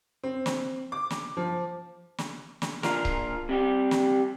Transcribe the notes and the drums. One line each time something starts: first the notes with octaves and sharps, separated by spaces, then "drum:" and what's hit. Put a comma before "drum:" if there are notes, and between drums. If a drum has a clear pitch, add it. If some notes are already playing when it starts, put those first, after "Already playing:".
C4
drum: snare
D6
drum: snare
F3
drum: snare
drum: snare
A#2 D4 F4 A#4, drum: snare
drum: kick C#1
C3 G3 G4
drum: snare